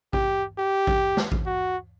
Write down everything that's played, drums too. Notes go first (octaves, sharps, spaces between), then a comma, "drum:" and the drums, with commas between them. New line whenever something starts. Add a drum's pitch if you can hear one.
G4, drum: kick A1
G4
drum: kick A1
drum: snare
drum: kick A1
F#4